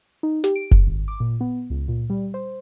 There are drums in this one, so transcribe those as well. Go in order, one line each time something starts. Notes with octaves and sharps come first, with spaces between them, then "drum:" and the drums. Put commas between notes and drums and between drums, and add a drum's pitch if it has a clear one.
D#4
G4, drum: hi-hat
D7
F#2, drum: kick F1
G#1
D6
A#2
B3
C#2
A#2
G3
C5